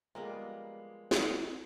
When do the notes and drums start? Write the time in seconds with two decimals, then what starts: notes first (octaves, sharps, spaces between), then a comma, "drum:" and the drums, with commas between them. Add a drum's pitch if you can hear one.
0.15 F3 G3 G#3 A#3 B3 G#4 A#4 D5
1.11 drum: snare